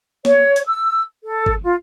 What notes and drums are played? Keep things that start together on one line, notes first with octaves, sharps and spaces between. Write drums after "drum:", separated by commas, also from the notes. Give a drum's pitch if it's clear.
C#5, drum: snare
drum: hi-hat
E6
A4
drum: kick
F4